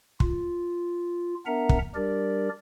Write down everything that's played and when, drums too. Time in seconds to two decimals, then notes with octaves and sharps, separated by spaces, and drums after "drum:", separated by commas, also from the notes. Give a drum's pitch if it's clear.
0.20 F4, drum: kick
1.46 B3 D4 A#4 E5 F#5 A#5
1.69 drum: kick
1.95 G3 D4 G4 A#4 D5